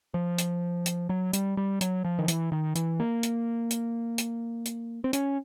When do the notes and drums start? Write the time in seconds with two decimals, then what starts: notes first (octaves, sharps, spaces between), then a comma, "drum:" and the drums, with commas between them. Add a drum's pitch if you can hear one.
0.14 F3
0.38 drum: hi-hat
0.86 drum: hi-hat
1.09 F#3
1.33 G3, drum: hi-hat
1.57 G3
1.81 F#3, drum: hi-hat
2.05 F3
2.19 D#3
2.28 E3, drum: hi-hat
2.52 D#3
2.75 E3, drum: hi-hat
3.00 A#3
3.23 drum: hi-hat
3.70 drum: hi-hat
4.18 drum: hi-hat
4.65 drum: hi-hat
5.04 C4
5.13 C#4, drum: hi-hat